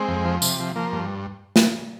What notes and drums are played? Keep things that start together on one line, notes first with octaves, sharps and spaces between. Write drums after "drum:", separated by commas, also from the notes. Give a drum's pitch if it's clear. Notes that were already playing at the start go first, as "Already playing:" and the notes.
Already playing: G#3 C4
F2
F3
C3, drum: tambourine
F3
F3 A#3
G2
drum: snare